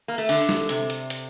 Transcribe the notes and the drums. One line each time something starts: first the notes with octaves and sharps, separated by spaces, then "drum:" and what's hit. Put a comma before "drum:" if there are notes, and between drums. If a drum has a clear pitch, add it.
A#3
A3
D3, drum: open hi-hat
drum: snare
C3, drum: hi-hat
drum: hi-hat
drum: hi-hat